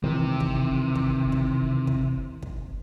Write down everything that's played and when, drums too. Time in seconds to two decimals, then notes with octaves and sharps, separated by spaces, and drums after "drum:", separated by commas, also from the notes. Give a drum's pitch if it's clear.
0.04 C3 D#3 E3
0.40 drum: kick
0.96 drum: kick
1.32 drum: kick
1.87 drum: kick
2.43 drum: kick